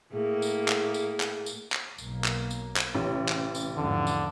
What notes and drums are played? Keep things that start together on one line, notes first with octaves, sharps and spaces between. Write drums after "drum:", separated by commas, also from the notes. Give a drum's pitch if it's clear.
A2 A#3 G#4
drum: tambourine
drum: clap
drum: tambourine
drum: clap
drum: tambourine
drum: clap
B1 A#3, drum: tambourine
drum: clap
drum: tambourine
drum: clap
A1 C3
drum: clap
drum: tambourine
E2 G#2 D3 F3
drum: tambourine